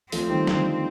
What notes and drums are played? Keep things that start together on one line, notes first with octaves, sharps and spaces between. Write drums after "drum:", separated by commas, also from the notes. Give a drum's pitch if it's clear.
F3 A3 C4, drum: open hi-hat
D#3 G3
D3 F3, drum: snare